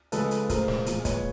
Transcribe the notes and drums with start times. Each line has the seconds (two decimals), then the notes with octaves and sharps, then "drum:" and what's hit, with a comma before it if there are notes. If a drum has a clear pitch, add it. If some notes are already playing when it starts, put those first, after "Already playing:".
0.12 C#3 F3 G#3 A4 B4, drum: hi-hat
0.31 drum: hi-hat
0.49 A2 F3 G#3 A#4 C5, drum: kick, hi-hat
0.68 drum: snare
0.86 A#2 F3 G#3, drum: hi-hat
1.05 B4 C#5, drum: kick, hi-hat